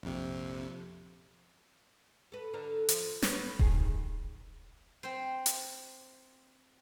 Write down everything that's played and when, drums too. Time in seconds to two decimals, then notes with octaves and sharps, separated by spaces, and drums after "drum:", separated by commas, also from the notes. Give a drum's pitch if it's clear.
0.03 A#1 F2 C3
2.32 A4 B4
2.54 D3 A4 A#4
2.89 F3, drum: hi-hat
3.22 B3 B4 C#5, drum: snare
3.59 C3 D#3 G#4, drum: kick D#1
5.03 C4 C5
5.46 drum: hi-hat